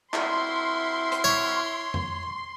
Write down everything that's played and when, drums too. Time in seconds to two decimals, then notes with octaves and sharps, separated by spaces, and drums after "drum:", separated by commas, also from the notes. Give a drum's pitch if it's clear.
0.14 C4 E4 F#4 A#4 C6, drum: clap
1.12 drum: hi-hat
1.24 C#5
1.94 drum: tom F2